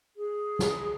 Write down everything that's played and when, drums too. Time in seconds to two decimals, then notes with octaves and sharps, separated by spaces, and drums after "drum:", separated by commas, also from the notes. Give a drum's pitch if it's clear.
0.17 G#4
0.59 drum: snare